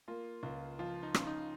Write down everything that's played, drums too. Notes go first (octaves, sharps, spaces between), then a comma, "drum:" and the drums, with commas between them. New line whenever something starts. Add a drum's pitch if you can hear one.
A#3 F4
C#2
F3 F4
D#4
C#3, drum: rim click
D#4